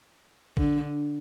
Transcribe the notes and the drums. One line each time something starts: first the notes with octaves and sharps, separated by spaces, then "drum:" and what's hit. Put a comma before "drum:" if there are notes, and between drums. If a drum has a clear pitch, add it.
D3, drum: kick